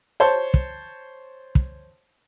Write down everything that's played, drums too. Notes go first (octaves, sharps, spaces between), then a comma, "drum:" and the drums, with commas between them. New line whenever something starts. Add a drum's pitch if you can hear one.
C5 C#5 A5 C6
drum: kick
drum: kick